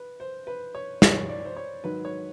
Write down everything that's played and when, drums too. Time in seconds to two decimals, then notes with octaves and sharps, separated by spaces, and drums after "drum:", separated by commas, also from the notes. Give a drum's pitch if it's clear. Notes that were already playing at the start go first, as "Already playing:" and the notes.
Already playing: B4
0.20 C5
0.47 B4
0.75 C#5
1.02 C#5, drum: snare
1.29 D5
1.45 C5
1.56 C#5
1.84 G#2 D#3 F#3 B4
2.05 C#5